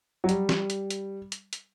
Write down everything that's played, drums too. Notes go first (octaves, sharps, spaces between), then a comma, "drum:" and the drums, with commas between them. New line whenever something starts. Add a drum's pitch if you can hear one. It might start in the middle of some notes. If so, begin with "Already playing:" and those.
F#3
G3, drum: hi-hat
drum: snare
drum: hi-hat
drum: hi-hat
drum: hi-hat
drum: hi-hat